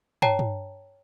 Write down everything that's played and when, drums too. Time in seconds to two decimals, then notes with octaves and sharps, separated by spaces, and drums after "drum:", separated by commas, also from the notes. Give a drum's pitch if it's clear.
0.22 C#5 G5 A5 A#5, drum: tom
0.39 drum: tom